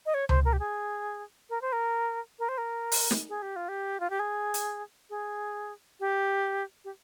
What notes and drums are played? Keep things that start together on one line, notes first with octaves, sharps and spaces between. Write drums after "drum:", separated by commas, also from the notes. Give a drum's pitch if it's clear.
D#5
C#5
C5, drum: tom C#2
A#4
G4
G#4
A#4
C5
A#4
A#4
C5
A#4
drum: open hi-hat
drum: snare
G#4
G4
F4
G4
F4
G4
G#4
drum: hi-hat
G#4
G4
G4